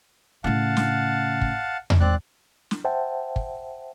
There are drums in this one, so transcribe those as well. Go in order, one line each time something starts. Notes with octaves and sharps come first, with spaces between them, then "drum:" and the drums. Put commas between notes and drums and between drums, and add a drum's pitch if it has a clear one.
A2 C#3 F5 F#5 A5
drum: snare
drum: kick
drum: tom E2
G#2 D#3 C4 D5 F#6
drum: snare
C5 E5 F#5 G5 A5
drum: kick